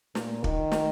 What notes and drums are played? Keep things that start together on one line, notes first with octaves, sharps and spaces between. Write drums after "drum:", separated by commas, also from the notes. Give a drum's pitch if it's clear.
A#2, drum: snare
D#3, drum: kick
drum: snare